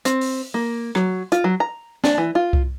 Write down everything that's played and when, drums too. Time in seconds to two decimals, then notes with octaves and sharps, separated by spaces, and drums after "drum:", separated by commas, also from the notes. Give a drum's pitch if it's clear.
0.05 C4, drum: hi-hat
0.21 drum: open hi-hat
0.54 A#3
0.95 F#3, drum: rim click
1.32 F4, drum: hi-hat
1.44 F#3
1.60 A#5
2.04 D4, drum: snare
2.18 E3
2.35 F4
2.53 drum: kick C2